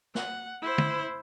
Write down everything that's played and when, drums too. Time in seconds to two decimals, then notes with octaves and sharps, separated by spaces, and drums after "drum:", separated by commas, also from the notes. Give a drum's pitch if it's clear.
0.15 F#5, drum: snare
0.61 E4 C5
0.78 drum: tom